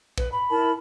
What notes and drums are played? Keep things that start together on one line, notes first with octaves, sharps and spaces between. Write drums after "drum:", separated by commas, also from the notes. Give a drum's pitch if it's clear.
B4, drum: kick
B5
E4 A#4 A5